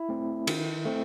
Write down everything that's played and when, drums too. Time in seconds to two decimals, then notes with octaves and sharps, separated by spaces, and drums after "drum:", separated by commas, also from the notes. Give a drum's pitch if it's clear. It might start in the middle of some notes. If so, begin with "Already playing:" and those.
Already playing: E4
0.09 A3 C4
0.47 D#3, drum: cymbal
0.85 A3 C4